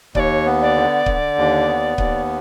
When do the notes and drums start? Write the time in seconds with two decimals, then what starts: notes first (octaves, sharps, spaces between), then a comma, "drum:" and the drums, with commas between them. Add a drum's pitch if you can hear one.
0.15 D#2 C#5 D5, drum: kick C#1
0.46 B3
0.62 D5
0.77 D3
1.06 D3, drum: kick C#1
1.37 D#2
1.67 B3
1.98 D#2, drum: kick C#1